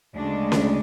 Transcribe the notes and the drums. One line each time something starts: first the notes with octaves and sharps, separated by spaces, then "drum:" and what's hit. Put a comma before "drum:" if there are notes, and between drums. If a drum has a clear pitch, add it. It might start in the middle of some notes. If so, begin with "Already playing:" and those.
D2 C#3 G#3 D4
drum: snare C#4